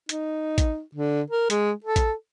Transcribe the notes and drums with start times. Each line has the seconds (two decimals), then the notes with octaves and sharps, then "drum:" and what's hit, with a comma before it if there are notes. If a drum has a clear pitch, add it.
0.09 D#4, drum: hi-hat
0.58 drum: kick A1, hi-hat
0.95 D3
1.30 A#4
1.50 G#3, drum: hi-hat
1.85 A4
1.96 drum: kick A1, hi-hat